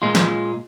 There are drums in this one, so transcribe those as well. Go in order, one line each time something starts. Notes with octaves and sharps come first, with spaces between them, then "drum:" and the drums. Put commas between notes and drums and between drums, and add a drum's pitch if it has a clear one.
A#2 G#3 F4
drum: snare